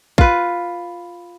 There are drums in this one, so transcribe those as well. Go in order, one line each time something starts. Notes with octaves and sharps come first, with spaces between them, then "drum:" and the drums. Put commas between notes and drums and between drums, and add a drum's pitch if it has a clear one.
F4 B4, drum: kick